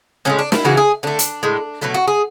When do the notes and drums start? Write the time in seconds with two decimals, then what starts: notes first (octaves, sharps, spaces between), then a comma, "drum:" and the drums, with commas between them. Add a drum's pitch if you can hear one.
0.25 A2 E3 G#3 C#4
0.39 D4
0.52 E4, drum: snare
0.64 C#3 E3 G#3 F#4
0.77 G#4
1.03 D3 A3 D4
1.19 drum: hi-hat
1.43 A2 G#3
1.81 B2 F#3 A3 E4
1.94 F#4
2.08 G#4